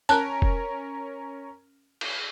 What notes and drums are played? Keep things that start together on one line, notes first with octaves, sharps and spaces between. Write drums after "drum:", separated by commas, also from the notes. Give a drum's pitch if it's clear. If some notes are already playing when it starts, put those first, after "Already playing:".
C#4 A#4 A5 F#6, drum: tambourine
drum: kick
drum: cymbal